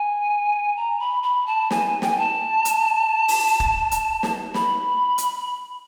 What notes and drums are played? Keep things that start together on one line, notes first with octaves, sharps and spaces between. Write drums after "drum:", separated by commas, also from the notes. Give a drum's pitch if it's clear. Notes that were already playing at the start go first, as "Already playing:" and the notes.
Already playing: G#5
A#5
B5
B5
A5
G#5, drum: snare
G5, drum: snare
G#5
A5
drum: hi-hat
drum: open hi-hat
drum: kick
drum: hi-hat
drum: snare
B5, drum: snare
drum: hi-hat